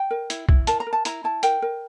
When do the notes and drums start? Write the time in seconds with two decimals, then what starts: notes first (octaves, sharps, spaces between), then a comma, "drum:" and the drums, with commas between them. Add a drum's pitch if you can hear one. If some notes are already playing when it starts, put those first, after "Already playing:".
Already playing: G5
0.11 A#4
0.30 E4, drum: hi-hat
0.49 E4, drum: kick B1
0.67 A#4 A5, drum: hi-hat
0.80 A#5
0.87 A#4
0.93 A5
1.05 E4 A#5, drum: hi-hat
1.24 E4 A5
1.43 A#4 G5, drum: hi-hat
1.62 A#4